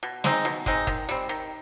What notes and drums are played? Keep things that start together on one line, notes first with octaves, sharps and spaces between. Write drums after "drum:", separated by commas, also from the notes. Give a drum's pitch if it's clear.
B2
G#3 C4 D#4, drum: snare
B2
G#3 C4 D#4, drum: kick
D#3, drum: kick
G3 C4
D#3